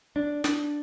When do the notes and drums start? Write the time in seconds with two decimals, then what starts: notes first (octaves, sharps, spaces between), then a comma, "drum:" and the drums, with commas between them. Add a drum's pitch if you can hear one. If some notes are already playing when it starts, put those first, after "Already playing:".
0.16 D4
0.44 D4, drum: snare